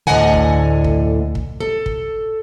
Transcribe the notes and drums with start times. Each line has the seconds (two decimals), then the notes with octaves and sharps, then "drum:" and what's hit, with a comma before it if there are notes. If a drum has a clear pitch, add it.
0.07 D2 A2 D3 D#5 F#5 G#5
0.34 drum: kick
0.84 drum: kick
1.35 drum: kick
1.60 A4
1.86 drum: kick